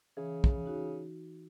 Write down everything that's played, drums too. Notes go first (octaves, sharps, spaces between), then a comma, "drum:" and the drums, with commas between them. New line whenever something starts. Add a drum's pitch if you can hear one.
C#3 E3
drum: kick
D#4 F#4